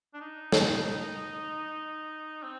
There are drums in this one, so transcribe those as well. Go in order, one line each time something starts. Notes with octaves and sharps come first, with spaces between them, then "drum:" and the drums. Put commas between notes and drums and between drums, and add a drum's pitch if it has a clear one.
D4
D#4
drum: snare
C4